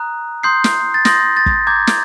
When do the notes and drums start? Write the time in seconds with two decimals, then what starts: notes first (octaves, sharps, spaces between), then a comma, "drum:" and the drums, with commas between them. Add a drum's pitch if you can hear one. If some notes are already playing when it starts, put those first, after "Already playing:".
Already playing: A#5 D#6 F#6
0.43 C6 D#6 G6 C7
0.64 drum: snare
0.94 A6
1.05 C6 D#6 G6 A#6, drum: snare
1.37 A6
1.46 drum: kick
1.67 A#5 D6 G6 G#6
1.87 drum: snare